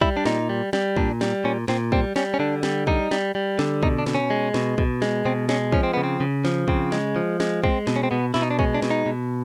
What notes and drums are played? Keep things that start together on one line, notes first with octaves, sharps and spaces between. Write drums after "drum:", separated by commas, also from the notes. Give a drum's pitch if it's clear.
G3 E4, drum: kick
D4
A#2 D#4, drum: snare
G3
G3, drum: snare
A#2 D4, drum: kick
G3, drum: snare
A#2 C#4
A#2 C4, drum: snare
G3 C4, drum: kick
G3 C#4, drum: snare
C#4
D3 D4
G3, drum: snare
G3 D#4, drum: kick
G3, drum: snare
G3
D3, drum: snare
B2 D#4, drum: kick
D4
B2, drum: snare
C#4
G#3
B2, drum: snare
B2, drum: kick
G#3, drum: snare
B2 C4
G#3 C#4, drum: snare
F3 C#4, drum: kick
C4
C#3 B3
C4
C#3
F3, drum: snare
C#3 C4, drum: kick
G#3, drum: snare
F3
G#3, drum: snare
G#3 C4, drum: kick
B2, drum: snare
C#4
C4
B2 B3
B2 E4, drum: snare
D#4
D4
G#3 C#4, drum: kick
D4
B2, drum: snare
D#4
B2